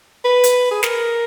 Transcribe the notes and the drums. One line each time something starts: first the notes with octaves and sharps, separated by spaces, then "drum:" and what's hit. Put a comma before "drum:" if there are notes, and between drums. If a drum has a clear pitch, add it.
B4
drum: hi-hat
G#4
A#4, drum: snare